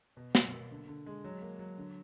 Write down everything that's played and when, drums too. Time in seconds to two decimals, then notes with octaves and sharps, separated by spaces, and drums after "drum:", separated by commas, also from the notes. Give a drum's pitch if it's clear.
0.17 B2
0.35 B2, drum: snare
0.53 A#3
0.71 D3
0.88 D3
1.06 G#3
1.24 F#3
1.42 A#3
1.59 F#3
1.78 D3